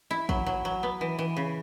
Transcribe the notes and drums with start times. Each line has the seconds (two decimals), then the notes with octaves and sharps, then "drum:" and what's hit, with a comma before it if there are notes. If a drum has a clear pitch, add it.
0.11 E4
0.29 F#3, drum: kick
0.46 F#3
0.65 F#3
0.83 B3
1.01 E3
1.19 E3
1.37 C#3